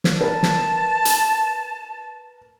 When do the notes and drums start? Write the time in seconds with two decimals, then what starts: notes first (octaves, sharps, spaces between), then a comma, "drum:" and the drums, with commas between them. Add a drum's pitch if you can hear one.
0.04 drum: snare
0.21 A#4 B4 A5
0.43 drum: snare
1.05 drum: hi-hat